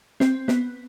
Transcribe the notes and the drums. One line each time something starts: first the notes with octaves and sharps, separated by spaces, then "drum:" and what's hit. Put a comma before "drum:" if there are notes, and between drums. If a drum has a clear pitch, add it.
C4, drum: snare
B3, drum: snare